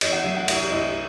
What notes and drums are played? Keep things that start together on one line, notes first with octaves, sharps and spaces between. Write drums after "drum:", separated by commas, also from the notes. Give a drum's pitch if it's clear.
E2 D#5, drum: cymbal
F#5
F#3 E5
F#5
C2 E5, drum: cymbal
C2 D#5